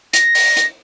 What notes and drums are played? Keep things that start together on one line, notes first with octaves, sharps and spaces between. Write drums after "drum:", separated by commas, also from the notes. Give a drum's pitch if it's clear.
A#6, drum: hi-hat
drum: open hi-hat
drum: hi-hat